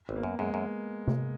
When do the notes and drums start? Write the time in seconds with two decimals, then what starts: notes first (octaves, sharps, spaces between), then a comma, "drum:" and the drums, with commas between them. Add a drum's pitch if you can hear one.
0.09 G#1 B3
0.16 A#3
0.23 F#2
0.39 F#2 G#3
0.54 F#2
1.08 drum: tom C3